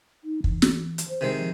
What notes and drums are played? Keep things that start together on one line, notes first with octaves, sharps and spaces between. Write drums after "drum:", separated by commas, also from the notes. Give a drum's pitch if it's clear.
D#4
E3, drum: kick
drum: snare
drum: hi-hat
C5
C3 D#3 G#3
F3